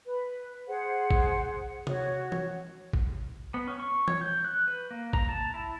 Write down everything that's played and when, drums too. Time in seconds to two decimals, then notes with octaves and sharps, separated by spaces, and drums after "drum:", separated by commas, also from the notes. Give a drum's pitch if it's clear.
0.06 B4
0.67 G#4 C5 F#5
1.11 drum: kick
1.87 F#4 C#5, drum: tom C3
2.32 drum: tom E3
2.93 drum: kick
3.54 B3
3.67 C#4
3.80 C#6
4.08 C#5, drum: tom E3
4.21 G6
4.45 F#6
4.68 B4
4.91 A#3
5.13 A#5, drum: kick
5.29 A5
5.54 E4